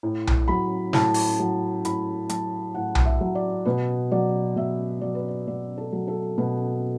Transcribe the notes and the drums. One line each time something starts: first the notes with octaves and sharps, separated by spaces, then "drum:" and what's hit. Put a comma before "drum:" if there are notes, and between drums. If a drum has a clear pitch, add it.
A2
drum: tom B1
F#3 B5
A2 A5, drum: snare
drum: open hi-hat
F#3
A2 B5, drum: hi-hat
F#3 A5, drum: hi-hat
A2 F#5
drum: tom B1
E5
F#3
D5
B2 B4
F#3 D5
B2 E5
F#3 D5
B4
D5
B2 D5
A4
F#3
A4
B2 B4